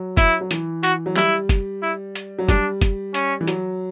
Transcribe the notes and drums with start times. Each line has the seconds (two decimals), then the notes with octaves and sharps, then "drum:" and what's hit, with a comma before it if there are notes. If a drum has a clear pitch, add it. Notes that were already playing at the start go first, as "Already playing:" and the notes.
Already playing: F#3
0.17 E4, drum: kick, hi-hat
0.41 F#3
0.51 E3, drum: hi-hat
0.83 F#4, drum: hi-hat
1.06 F#3
1.16 G3 E4, drum: clap
1.49 drum: kick, hi-hat
1.83 E4
2.15 drum: hi-hat
2.39 F#3
2.48 G3 D4, drum: kick, hi-hat
2.82 drum: kick, hi-hat
3.14 C#4, drum: hi-hat
3.41 E3
3.47 F#3, drum: hi-hat